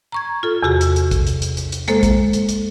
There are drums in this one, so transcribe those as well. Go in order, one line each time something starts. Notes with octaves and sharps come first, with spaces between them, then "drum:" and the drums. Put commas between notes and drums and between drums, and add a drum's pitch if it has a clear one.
A#5 C#6 G#6
F4 A4
E2 C3 F#4 G#4
drum: hi-hat
drum: hi-hat
drum: kick, hi-hat
drum: hi-hat
drum: hi-hat
drum: hi-hat
drum: hi-hat
G#3 A#3 A4 C5, drum: hi-hat
drum: kick, hi-hat
drum: hi-hat
drum: hi-hat